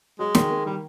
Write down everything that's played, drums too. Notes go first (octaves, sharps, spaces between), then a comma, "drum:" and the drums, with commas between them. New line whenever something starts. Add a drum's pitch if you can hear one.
F#3 G#3
D#3, drum: snare
A#3
D#3 G3